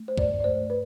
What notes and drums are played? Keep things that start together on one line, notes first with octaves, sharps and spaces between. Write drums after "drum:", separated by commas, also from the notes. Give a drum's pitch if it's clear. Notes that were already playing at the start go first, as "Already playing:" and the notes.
Already playing: A3
C5
G2 D5, drum: kick
D5
A3 C5
B4